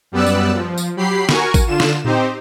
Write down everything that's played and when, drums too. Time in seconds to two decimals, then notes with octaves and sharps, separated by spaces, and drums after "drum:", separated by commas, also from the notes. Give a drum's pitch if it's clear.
0.12 F#2 G3 B3 D5 E6 F#6
0.26 drum: tambourine
0.55 F3
0.78 drum: tambourine
0.96 F#3 G4 B5 C7
1.29 F#4 A#4 G#5 C#6, drum: snare
1.54 drum: kick A1, tambourine
1.67 D3 F4 E7
1.80 drum: snare
2.05 C4 D#4 G4 C5, drum: tom A2